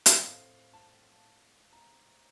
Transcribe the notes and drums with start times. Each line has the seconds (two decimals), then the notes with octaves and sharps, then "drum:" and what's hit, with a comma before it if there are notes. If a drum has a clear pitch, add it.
0.06 drum: hi-hat
0.18 D#5
0.23 A2 A3 C4 F5
0.73 A5
1.73 A#5